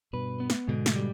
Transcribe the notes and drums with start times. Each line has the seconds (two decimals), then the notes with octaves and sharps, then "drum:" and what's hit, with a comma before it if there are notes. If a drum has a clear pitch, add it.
0.13 G2 B2 B4
0.40 B3
0.50 drum: snare
0.68 G#2 B2 D3
0.86 drum: snare
0.96 G3